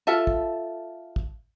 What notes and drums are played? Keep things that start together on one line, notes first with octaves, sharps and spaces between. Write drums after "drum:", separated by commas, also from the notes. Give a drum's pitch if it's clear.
F4 A4 E5 A5
drum: kick
drum: kick